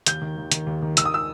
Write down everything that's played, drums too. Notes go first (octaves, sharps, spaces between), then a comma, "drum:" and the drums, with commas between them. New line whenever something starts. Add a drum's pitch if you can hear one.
D#2 G6, drum: hi-hat
D#3
D#2
D#3, drum: hi-hat
D#2
D#3
D#3 E6, drum: hi-hat
D#6
E6